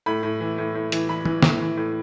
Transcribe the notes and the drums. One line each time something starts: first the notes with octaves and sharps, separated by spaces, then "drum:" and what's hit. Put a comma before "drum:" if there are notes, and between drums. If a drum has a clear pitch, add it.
A2 B5
A2
E3
A2
A2
E3, drum: hi-hat
E3 B5
E3, drum: tom
A2, drum: snare
E3
A2